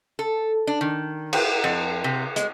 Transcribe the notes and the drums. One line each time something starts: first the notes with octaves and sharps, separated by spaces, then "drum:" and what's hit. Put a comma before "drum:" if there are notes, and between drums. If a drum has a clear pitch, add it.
A4
D4
D#3
drum: cymbal
F2
C3
G#3, drum: hi-hat